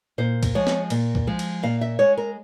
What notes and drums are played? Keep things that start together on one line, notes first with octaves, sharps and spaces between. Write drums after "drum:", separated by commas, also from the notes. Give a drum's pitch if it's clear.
A#2 C5
drum: kick C#2, cymbal
F3 G#3 C#5
drum: snare
A#2, drum: cymbal
drum: kick C#2
F3 G#3
drum: cymbal
A#2 F5
E5
G#3 C#5
A#4